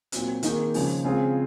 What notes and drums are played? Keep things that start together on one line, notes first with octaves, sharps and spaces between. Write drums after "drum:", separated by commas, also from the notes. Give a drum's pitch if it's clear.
A#2 F#3 C4, drum: hi-hat
D#3 A#3 D#4 G#4, drum: hi-hat
C#3 F3 G#3, drum: open hi-hat
C#3 G#3 C4 F4 G#4